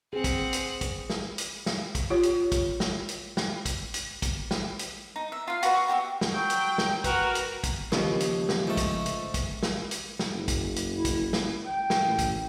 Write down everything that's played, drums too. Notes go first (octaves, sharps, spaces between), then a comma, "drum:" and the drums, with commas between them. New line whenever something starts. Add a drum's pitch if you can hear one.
C4 G#4 F#5
drum: kick, hi-hat
drum: hi-hat
drum: kick, hi-hat
drum: snare
drum: hi-hat
drum: snare
drum: kick, hi-hat
F4 G4 C#5
drum: hi-hat
drum: kick, hi-hat
drum: snare
drum: hi-hat
drum: snare
drum: kick, hi-hat
drum: hi-hat
drum: kick, hi-hat
drum: snare
drum: hi-hat
D#4
E5
F4 F5
F#4 B4, drum: hi-hat
C#6
F#4 G4 D#5 E5
drum: snare
F#3 G5
drum: hi-hat
drum: snare
F#4 A#4 B4, drum: kick, hi-hat
drum: hi-hat
drum: kick, hi-hat
D#2 C#3 F3, drum: snare
drum: hi-hat
drum: snare
G#2 A3
drum: kick, hi-hat
drum: hi-hat
drum: kick, hi-hat
drum: snare
drum: hi-hat
drum: snare
F#1
drum: kick, hi-hat
drum: hi-hat
E4
drum: kick, hi-hat
drum: snare
G5
drum: snare
A1
drum: kick, hi-hat